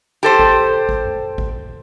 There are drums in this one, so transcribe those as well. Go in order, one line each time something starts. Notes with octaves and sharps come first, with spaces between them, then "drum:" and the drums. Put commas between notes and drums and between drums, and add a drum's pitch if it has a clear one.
G4 A4 C5
drum: kick
drum: kick
drum: tom F#2
drum: kick